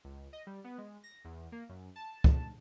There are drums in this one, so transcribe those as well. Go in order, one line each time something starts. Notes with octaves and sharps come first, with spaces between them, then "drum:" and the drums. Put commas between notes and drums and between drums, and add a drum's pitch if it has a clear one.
C#2
D#5
G3
B3
G#3
A#6
E2
A#3
F#2
A5
drum: kick C#2